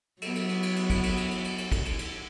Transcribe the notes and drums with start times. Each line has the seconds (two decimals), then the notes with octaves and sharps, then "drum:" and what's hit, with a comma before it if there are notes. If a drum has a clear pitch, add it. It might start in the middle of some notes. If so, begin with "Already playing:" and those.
0.22 F#3 B3, drum: cymbal
0.35 drum: cymbal
0.49 drum: cymbal
0.63 drum: cymbal
0.76 drum: cymbal
0.90 drum: kick, cymbal
1.03 drum: cymbal
1.17 drum: cymbal
1.31 drum: cymbal
1.44 drum: cymbal
1.58 drum: cymbal
1.72 drum: kick, cymbal
1.85 drum: cymbal
1.99 drum: cymbal